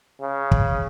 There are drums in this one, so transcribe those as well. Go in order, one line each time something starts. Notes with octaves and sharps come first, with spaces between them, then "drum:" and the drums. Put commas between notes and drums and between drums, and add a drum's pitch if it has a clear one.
C#3
drum: kick